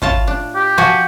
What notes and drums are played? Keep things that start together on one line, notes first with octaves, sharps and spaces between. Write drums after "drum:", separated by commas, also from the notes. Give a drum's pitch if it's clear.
A2 F4 A5, drum: kick
D4
G4
F3 F#4 G#5, drum: snare